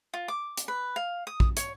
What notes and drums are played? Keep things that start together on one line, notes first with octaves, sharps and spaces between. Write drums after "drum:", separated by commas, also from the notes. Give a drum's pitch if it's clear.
F4
D6
drum: hi-hat
B4
F5
D#6
drum: kick
C#5, drum: hi-hat